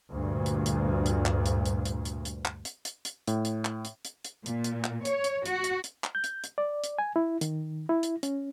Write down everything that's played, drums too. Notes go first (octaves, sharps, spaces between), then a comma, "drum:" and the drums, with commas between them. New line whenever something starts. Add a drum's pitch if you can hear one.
D2 G2 A#2
drum: hi-hat
drum: hi-hat
drum: hi-hat
drum: clap
drum: hi-hat
drum: hi-hat
drum: hi-hat
drum: hi-hat
drum: hi-hat
drum: clap
drum: hi-hat
drum: hi-hat
drum: hi-hat
A2, drum: hi-hat
drum: hi-hat
drum: clap
drum: hi-hat
drum: hi-hat
drum: hi-hat
A#2, drum: hi-hat
drum: hi-hat
drum: clap
C#5, drum: hi-hat
drum: hi-hat
F#4, drum: hi-hat
drum: hi-hat
drum: hi-hat
drum: clap
G6
drum: hi-hat
drum: hi-hat
D5
drum: hi-hat
G#5
E4
D#3, drum: hi-hat
E4
drum: hi-hat
C#4, drum: hi-hat